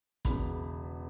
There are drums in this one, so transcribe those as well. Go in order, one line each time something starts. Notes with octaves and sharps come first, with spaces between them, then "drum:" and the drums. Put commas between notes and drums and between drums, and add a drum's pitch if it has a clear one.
E1 E2 C#3 B5, drum: kick, hi-hat